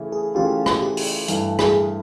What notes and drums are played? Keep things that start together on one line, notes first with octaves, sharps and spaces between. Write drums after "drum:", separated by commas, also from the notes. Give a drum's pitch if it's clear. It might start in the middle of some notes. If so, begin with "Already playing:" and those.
Already playing: C#3 E3 A3 C#4
G#4
C#3 E3 A3 C#4 F4 G4
drum: rim click
G4
drum: open hi-hat
G2 E3 A3, drum: hi-hat
G#4, drum: rim click